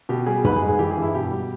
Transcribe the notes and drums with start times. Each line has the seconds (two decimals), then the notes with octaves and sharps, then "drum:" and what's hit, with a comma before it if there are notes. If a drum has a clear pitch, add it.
0.09 B2 G4
0.26 G3 G#4
0.44 G#2 B4, drum: tom
0.56 G#4
0.62 G#3
0.68 G#4
0.79 E3 G4
0.91 G#4
0.97 G2
1.02 E4
1.14 B2 G4
1.32 G3